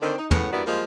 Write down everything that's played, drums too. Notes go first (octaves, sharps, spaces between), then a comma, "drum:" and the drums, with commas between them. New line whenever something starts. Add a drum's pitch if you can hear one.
D3 D#3 C4
D#4
A2 C#3 B3 F#5, drum: tom
G2 A#3 B3 E4 F#4 D5
F3 G3 G#3 A#3